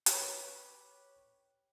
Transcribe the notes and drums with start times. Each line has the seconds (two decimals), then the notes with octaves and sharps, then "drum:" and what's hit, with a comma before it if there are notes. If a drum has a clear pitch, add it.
0.06 G4 B4 C#5, drum: hi-hat